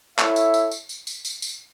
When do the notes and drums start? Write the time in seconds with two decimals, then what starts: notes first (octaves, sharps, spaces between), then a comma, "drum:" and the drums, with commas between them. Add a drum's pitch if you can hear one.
0.19 E4 A4 C#5 E5, drum: clap
0.36 drum: tambourine
0.54 drum: tambourine
0.72 drum: tambourine
0.89 drum: tambourine
1.07 drum: tambourine
1.25 drum: tambourine
1.42 drum: tambourine